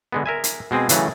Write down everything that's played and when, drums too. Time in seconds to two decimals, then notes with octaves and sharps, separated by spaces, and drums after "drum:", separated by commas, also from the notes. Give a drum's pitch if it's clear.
0.12 D3 G#3 B3
0.26 A#4 E5 G#5
0.44 drum: hi-hat
0.71 B2 G#3 C4 G#4
0.89 C#3 E3 F#3 A3, drum: hi-hat